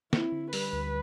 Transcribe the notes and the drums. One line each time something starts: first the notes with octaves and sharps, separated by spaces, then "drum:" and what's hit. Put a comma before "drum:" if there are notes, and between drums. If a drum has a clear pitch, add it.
C4 E4, drum: snare
D3
G3 B4, drum: open hi-hat
D2